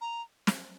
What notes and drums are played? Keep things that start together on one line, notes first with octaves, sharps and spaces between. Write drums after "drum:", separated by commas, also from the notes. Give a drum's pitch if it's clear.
A#5
drum: snare